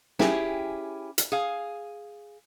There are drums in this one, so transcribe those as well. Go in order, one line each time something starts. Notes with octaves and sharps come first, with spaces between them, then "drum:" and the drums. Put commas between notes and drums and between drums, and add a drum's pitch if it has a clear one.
C#4 E4 G4 G#4, drum: snare
drum: hi-hat
G#4 F5